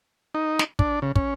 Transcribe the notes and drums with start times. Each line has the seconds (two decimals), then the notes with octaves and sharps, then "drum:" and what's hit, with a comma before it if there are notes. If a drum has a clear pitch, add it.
0.35 D#4
0.59 drum: snare
0.79 D4, drum: kick
1.02 C#3
1.16 C#4, drum: kick